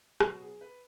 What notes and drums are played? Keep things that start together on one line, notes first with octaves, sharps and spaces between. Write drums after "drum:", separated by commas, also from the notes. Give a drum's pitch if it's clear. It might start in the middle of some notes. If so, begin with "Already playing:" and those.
B2 F#3 B3 F#4, drum: rim click
G#4
B4